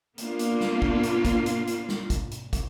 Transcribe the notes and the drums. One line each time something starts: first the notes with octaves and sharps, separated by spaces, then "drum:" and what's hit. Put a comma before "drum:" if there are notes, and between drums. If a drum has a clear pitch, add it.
A#3 B3 D4 F4, drum: hi-hat
drum: hi-hat
drum: snare
drum: kick
drum: hi-hat
drum: kick, hi-hat
drum: hi-hat
drum: hi-hat
drum: snare
drum: kick, hi-hat
drum: hi-hat
drum: kick, hi-hat